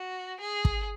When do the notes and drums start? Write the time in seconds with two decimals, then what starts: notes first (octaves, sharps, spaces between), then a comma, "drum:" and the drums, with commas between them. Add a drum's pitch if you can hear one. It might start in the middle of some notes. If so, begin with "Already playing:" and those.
Already playing: F#4
0.41 G#4
0.65 drum: kick